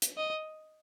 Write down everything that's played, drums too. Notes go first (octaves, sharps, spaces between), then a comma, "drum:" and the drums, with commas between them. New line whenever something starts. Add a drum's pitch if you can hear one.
drum: hi-hat
D#5